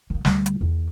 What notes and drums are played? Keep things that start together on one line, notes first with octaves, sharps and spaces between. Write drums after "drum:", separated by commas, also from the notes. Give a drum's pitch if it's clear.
D#3 A#3
D2 G3, drum: snare
drum: hi-hat
E2 D#3